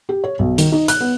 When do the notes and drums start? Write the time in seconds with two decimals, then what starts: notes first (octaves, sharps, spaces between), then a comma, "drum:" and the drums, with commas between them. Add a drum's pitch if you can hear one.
0.09 G4
0.24 C#5
0.39 B1
0.58 D#3, drum: hi-hat
0.72 D#4
0.88 F#6, drum: hi-hat
1.01 B3